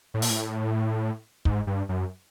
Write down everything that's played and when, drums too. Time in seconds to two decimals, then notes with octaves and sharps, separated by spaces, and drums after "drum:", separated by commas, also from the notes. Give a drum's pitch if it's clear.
0.14 A2
0.22 A#2, drum: open hi-hat
0.30 A2
1.45 G#2, drum: kick
1.67 G2
1.89 F#2